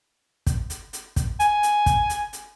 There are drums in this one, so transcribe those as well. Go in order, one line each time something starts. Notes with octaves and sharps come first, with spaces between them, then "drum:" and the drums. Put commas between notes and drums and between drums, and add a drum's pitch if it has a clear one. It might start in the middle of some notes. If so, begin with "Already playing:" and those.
drum: kick, hi-hat
drum: hi-hat
drum: hi-hat
drum: kick, hi-hat
G#5, drum: hi-hat
drum: hi-hat
drum: kick, hi-hat
drum: hi-hat
drum: hi-hat